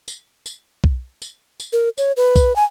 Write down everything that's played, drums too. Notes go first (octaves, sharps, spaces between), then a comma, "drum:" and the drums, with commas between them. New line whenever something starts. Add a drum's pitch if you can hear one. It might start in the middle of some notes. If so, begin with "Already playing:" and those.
drum: tambourine
drum: tambourine
drum: kick B1
drum: tambourine
drum: tambourine
A#4
C#5, drum: tambourine
B4
drum: kick B1, tambourine
G#5